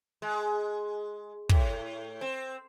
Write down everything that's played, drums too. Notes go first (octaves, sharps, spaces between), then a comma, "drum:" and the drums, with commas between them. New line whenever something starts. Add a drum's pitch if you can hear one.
G#3
A2, drum: kick
C4